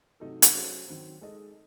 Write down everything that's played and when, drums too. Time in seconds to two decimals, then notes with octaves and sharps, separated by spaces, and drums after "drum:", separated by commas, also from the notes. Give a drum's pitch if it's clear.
0.20 C3 F#3 A3 D#4 A4
0.42 drum: hi-hat
0.54 F#3 C#4 F#4 A4 C5
0.88 D#3 F#3 C4
1.21 G#3 D#4 A4 D#5